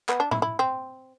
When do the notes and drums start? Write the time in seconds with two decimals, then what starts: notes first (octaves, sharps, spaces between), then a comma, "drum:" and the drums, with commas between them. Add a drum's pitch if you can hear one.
0.09 B3, drum: clap
0.20 D4
0.31 E4, drum: tom
0.42 E4
0.59 C4